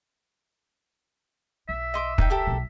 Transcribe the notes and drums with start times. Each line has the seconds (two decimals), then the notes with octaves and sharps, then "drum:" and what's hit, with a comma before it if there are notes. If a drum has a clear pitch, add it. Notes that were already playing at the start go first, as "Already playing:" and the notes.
1.69 B1 E5
1.94 D#5 C6 D6
2.18 D#4 G5, drum: kick
2.30 G4 A4 A#4
2.47 B1 B2